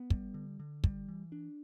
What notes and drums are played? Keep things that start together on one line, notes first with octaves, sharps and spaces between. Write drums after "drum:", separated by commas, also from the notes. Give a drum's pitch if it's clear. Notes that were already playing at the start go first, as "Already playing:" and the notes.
Already playing: B3
G3, drum: kick
D3
D3
G3, drum: kick
E3
D4